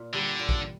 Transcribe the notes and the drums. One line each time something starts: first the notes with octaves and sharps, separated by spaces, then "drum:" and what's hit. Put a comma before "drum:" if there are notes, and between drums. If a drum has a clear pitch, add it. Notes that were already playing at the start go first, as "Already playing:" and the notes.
Already playing: A#2
D3 G3
A#2
drum: kick A#1